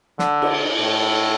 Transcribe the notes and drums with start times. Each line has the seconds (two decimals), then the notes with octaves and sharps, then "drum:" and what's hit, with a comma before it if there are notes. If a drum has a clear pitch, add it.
0.19 D3, drum: snare
0.42 drum: cymbal
0.80 A2